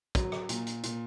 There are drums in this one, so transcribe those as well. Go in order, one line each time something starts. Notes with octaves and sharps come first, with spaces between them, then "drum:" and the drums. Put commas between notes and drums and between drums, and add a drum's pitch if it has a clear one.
F#3, drum: kick, hi-hat
drum: rim click
A#2, drum: hi-hat
drum: hi-hat
A#2, drum: hi-hat